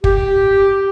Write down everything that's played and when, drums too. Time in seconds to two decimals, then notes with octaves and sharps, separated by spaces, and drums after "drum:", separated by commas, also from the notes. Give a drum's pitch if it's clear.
0.04 G4, drum: kick